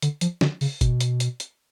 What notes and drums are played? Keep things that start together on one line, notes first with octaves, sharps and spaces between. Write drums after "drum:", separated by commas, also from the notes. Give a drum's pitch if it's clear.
D3, drum: hi-hat
F3, drum: hi-hat
D3, drum: snare
C#3, drum: open hi-hat
B2, drum: kick F#1, hi-hat
drum: hi-hat
drum: hi-hat
drum: hi-hat